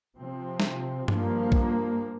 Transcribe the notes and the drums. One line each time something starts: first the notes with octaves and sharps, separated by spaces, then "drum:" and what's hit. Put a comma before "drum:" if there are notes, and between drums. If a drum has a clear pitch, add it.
C3 F3 C4
drum: snare
G2 F3 A#3, drum: tom G2
drum: kick A#1